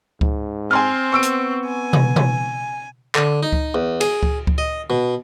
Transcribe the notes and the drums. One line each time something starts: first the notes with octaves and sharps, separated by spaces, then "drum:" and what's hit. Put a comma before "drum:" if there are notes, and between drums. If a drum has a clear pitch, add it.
G#2, drum: kick C#2
C4 G#5 C6 F6
B3 C#6 E6 D7
drum: hi-hat
G#5
drum: tom B2
drum: tom B2
D3, drum: clap
D#4
drum: kick C#2
E2
G#4, drum: cymbal
drum: kick C#2
drum: kick C#2
D#5
B2